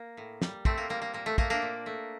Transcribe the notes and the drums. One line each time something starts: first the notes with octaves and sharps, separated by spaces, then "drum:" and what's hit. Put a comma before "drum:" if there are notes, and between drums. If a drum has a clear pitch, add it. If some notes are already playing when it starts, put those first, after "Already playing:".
Already playing: A#3
A2
G3, drum: snare
A2 A3 C4, drum: kick
A#3
G3 A#3
A#3
A#2 A#3
A3
A3 A#3, drum: kick
A#3 D4
A#2
A3